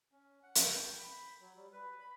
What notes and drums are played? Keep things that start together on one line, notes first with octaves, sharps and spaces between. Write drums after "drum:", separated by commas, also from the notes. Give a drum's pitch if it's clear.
C#4
F#5
G5, drum: hi-hat
B5
F#3
G3
B4
B5